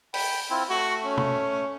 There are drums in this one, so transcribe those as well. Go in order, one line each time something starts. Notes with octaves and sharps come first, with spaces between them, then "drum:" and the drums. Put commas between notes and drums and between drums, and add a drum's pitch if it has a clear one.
G5 B5, drum: open hi-hat
C4 E4 F4
A3 F#4
C#4
drum: tom